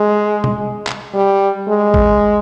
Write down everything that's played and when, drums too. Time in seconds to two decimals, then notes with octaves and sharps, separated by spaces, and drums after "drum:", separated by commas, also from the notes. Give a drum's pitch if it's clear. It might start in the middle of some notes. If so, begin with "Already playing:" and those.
Already playing: G#3
0.44 drum: tom
0.87 drum: clap
1.14 G3
1.68 G#3
1.94 drum: kick